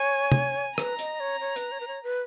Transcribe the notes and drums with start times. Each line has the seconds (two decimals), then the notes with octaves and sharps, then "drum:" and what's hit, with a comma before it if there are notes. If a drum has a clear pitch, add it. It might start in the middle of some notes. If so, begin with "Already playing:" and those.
Already playing: C#5 G#5
0.32 drum: tom
0.78 B4 A#5, drum: rim click
0.99 D#5, drum: hi-hat
1.20 C#5
1.40 C#5
1.56 B4, drum: hi-hat
1.72 C#5
1.80 B4
1.88 C#5
2.03 B4